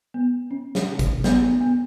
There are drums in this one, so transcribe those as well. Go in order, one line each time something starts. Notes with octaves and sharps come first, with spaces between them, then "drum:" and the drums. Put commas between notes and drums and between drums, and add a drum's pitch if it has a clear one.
B3
C#4
drum: snare
drum: kick, hi-hat
B3, drum: snare
B3
B3